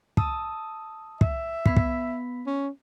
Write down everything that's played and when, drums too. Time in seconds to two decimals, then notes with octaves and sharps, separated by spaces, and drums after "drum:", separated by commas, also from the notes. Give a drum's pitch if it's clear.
0.17 A5 D#6 E6, drum: kick
1.21 E5, drum: kick
1.66 B3 B5 B6, drum: kick
1.76 drum: kick
2.47 C#4